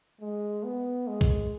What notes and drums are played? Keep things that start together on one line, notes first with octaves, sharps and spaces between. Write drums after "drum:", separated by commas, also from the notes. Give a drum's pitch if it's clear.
G#3
B3
G#3
drum: kick